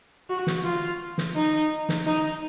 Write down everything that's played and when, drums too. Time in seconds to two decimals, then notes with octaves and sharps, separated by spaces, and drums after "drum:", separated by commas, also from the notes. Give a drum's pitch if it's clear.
0.29 F#4
0.47 drum: snare
0.64 F4
1.18 drum: snare
1.35 D#4
1.89 drum: snare
2.06 D#4